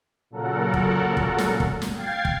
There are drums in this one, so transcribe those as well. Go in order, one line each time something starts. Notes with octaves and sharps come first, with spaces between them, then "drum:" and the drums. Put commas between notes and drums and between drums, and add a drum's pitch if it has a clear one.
A#2 C#3 F#3 A4 A#4 F#5
drum: kick
drum: kick
drum: snare
drum: kick
drum: snare
F5 G5 G#6 A6 C7
drum: kick